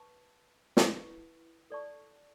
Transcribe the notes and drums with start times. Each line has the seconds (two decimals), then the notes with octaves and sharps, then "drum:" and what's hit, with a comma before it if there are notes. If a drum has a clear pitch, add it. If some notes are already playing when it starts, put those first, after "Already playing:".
Already playing: B4 A5 C#6
0.77 E4 B4 F#5 A5 C#6, drum: snare
1.70 A4 D5 A5 C#6